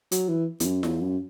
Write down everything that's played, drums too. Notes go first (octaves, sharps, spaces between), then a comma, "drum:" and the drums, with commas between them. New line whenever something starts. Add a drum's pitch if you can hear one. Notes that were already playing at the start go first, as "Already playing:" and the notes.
F#3, drum: hi-hat
E3
E2, drum: hi-hat
F#2
E2, drum: snare F4
F#2